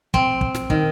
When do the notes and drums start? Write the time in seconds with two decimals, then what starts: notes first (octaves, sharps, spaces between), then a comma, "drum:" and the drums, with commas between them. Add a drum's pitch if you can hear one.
0.14 C4, drum: kick
0.41 drum: kick
0.55 drum: snare
0.70 D#3, drum: kick